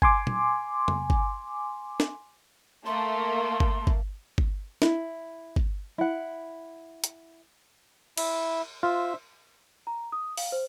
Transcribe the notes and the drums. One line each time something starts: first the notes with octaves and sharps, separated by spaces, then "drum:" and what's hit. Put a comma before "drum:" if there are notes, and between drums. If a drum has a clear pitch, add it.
G#5 C6 D6, drum: kick G1
drum: tom
drum: tom
drum: kick G1
drum: snare
A3 A#3 C6
drum: kick G1
drum: kick G1
drum: kick G1
E4, drum: snare
drum: kick G1
E4 F#5
drum: hi-hat
E4 E5, drum: cymbal
F4 C5 E5
A#5
D#6
F5, drum: open hi-hat
C5